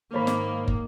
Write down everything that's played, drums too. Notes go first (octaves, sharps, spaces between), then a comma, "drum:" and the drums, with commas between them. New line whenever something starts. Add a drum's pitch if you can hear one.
G#2 D#3 A#3 C5 C#5 B5
drum: snare
drum: kick